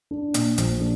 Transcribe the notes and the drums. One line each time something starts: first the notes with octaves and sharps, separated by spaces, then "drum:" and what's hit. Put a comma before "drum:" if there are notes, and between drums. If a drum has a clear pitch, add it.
D4
A#2, drum: hi-hat
A#1, drum: hi-hat
D4